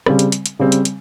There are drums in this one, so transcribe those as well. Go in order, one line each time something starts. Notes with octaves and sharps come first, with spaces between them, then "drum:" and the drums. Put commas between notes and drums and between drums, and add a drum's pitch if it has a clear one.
C#3 G3 C4, drum: rim click
drum: hi-hat
drum: hi-hat
drum: hi-hat
C#3 G3 C4
drum: hi-hat
drum: hi-hat